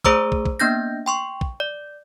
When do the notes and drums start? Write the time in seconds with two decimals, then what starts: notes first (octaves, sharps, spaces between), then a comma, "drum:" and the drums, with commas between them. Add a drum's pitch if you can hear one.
0.05 A3 G#4 C5 A#5 D6 E6, drum: kick
0.32 drum: kick
0.46 drum: kick
0.59 A#3 B3 D4 G6 A#6
1.06 G5 C6 C#6
1.41 drum: kick
1.60 D5